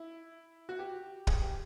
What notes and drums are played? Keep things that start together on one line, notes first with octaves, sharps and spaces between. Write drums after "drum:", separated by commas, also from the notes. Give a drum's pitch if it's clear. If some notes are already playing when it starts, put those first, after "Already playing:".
Already playing: E4
F#4
G4
G#4, drum: kick
G4